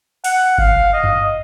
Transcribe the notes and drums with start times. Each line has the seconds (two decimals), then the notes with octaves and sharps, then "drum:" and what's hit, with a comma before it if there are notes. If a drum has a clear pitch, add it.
0.24 F#5, drum: open hi-hat
0.58 F5, drum: kick G1
0.93 D#5
1.04 drum: tom F#2